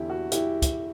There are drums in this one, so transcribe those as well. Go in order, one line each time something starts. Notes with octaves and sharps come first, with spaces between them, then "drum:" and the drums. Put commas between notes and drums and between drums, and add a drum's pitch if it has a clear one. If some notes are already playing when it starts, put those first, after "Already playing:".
Already playing: E2 D3 E4 G4
F#4
E4 G4, drum: hi-hat
drum: kick, hi-hat